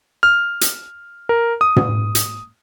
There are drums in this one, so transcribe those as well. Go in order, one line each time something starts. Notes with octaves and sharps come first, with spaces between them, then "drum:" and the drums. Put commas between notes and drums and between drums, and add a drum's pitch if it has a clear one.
F6
drum: hi-hat
A#4
D#6
drum: tom
drum: hi-hat